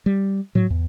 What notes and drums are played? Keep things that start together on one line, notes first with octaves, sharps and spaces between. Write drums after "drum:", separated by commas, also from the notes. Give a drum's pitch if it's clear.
G3
F#3, drum: tom G#2
E2